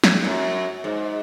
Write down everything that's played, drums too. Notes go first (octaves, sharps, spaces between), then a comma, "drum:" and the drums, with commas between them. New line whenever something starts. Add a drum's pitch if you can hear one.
drum: snare
F#2
G#2